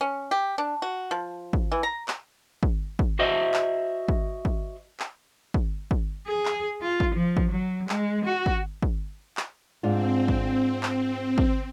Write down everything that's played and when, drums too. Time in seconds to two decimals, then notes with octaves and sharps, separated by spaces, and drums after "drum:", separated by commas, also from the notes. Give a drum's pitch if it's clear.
0.01 C#4
0.31 G4
0.58 D4
0.82 F#4
1.11 F3
1.53 drum: kick
1.72 E3
1.83 A#5
2.08 drum: clap
2.63 drum: kick
2.99 drum: kick
3.19 F#4 C5 D#5 E5
3.54 drum: clap
4.08 drum: kick
4.45 drum: kick
5.00 drum: clap
5.54 drum: kick
5.91 drum: kick
6.27 G#4
6.45 drum: clap
6.82 F4
7.00 drum: kick
7.15 F3
7.37 drum: kick
7.51 F#3
7.89 G#3, drum: clap
8.25 F#4
8.46 drum: kick
8.82 drum: kick
9.37 drum: clap
9.83 G#2 C4 D4 F4
10.28 drum: kick
10.83 drum: clap
11.38 drum: kick